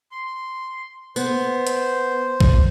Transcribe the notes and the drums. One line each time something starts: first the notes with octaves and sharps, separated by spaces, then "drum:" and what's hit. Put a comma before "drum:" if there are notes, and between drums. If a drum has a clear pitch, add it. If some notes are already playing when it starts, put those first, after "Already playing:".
C6
B3 C5, drum: tambourine
drum: hi-hat
drum: kick B1